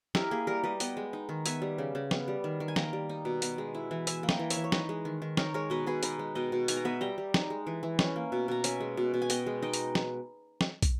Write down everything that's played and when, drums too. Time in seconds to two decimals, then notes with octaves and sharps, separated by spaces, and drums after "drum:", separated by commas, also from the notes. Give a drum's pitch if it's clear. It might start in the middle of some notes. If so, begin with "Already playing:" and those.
0.15 E4 G4 A#4, drum: snare
0.31 A#3 G#4
0.47 G3 G4 A#4
0.64 G3 B4 D#5
0.80 B3 D#5 G5, drum: hi-hat
0.97 G#3
1.13 D#4
1.29 D#3
1.46 B3 E5 G#5, drum: hi-hat
1.62 G3
1.78 C#3
1.95 C#3
2.11 B3, drum: snare
2.28 G3
2.44 D#3
2.60 D#3
2.68 G#5
2.76 A#3 G5 A#5, drum: snare
2.93 G3
3.09 D#4
3.25 B2
3.42 B3, drum: hi-hat
3.58 G#3
3.75 E4
3.91 E3
4.07 E4 E5 G#5, drum: hi-hat
4.23 A#3
4.29 D#5 G5, drum: snare
4.39 E3
4.50 C#5 E5, drum: hi-hat
4.56 E3
4.64 C#5
4.72 D#4 B4 D#5, drum: snare
4.89 G#3
5.05 D#3
5.22 D#3
5.37 D#4 A#4 C#5, drum: snare
5.54 G#3 A#4 C#5
5.70 B2 B4 D#5
5.87 B2 G#4 B4
6.03 D#4 B4 D#5, drum: hi-hat
6.19 G#3
6.35 B2 D#5 G5
6.52 B2
6.68 D#4 G#5, drum: hi-hat
6.77 A#5
6.85 B3 E5 G#5
7.01 G3 G5 A#5
7.18 G3
7.34 D#4, drum: snare
7.50 G#3
7.67 E3
7.83 E3
7.99 C#4, drum: snare
8.16 A#3
8.32 B2
8.48 B2 A#5
8.64 C#4 E5 G#5, drum: hi-hat
8.80 G#3
8.97 B2
9.14 B2
9.22 G#5
9.30 B3 D#5 G5, drum: hi-hat
9.46 G#3
9.62 D#4 D#5 G5
9.74 drum: hi-hat
9.95 drum: snare
10.61 drum: snare
10.82 drum: kick, hi-hat